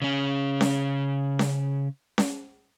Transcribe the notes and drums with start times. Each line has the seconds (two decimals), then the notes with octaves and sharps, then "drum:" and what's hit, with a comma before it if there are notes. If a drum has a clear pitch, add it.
0.02 C#3 C#4
0.61 drum: snare C#4
1.39 drum: snare C#4
2.18 drum: snare C#4